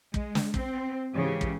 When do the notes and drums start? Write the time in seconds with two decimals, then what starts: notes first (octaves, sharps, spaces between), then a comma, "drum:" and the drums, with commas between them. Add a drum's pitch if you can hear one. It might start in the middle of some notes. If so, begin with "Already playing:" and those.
0.14 G#3, drum: kick
0.35 drum: snare
0.54 C4, drum: kick
1.13 G#2 C#3 E3 G4
1.41 drum: kick